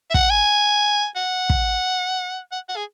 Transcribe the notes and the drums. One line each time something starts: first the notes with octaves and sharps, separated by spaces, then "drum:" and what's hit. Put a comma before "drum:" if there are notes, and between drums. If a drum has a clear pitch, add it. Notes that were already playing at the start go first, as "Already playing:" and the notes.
E5
F#5, drum: kick
G#5
F#5
drum: kick
F#5
F#5
G#4